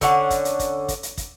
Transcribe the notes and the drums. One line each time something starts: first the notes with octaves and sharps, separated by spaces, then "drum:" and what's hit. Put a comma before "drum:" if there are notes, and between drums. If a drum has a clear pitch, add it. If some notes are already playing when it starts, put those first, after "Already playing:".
D3 C#4 F#5, drum: kick, hi-hat
drum: kick, hi-hat
drum: hi-hat
drum: kick, hi-hat
drum: kick, hi-hat
drum: hi-hat
drum: kick, hi-hat